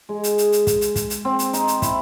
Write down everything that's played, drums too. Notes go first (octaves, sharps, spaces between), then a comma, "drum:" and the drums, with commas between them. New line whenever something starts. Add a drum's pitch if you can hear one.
G#3
drum: hi-hat
drum: hi-hat
drum: hi-hat
drum: kick, hi-hat
drum: hi-hat
drum: kick, hi-hat
drum: hi-hat
C4
drum: hi-hat
D#4, drum: hi-hat
drum: hi-hat
E4, drum: kick, hi-hat